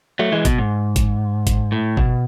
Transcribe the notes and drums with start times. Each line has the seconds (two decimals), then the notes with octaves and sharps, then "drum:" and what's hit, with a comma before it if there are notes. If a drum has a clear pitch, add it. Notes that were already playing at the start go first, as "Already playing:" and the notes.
0.19 F#3 A3
0.32 E3 G#3
0.45 B2, drum: kick, hi-hat
0.58 G#2
0.96 drum: kick, hi-hat
1.47 drum: kick, hi-hat
1.72 A2
1.97 B2, drum: kick